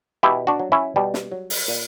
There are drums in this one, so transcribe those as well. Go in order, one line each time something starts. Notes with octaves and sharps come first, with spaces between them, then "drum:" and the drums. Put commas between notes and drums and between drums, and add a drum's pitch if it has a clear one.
B2 E4 G4
D4 F#4
F#3
C#4 E4
B2 G3
drum: snare
F#3
drum: open hi-hat
A#2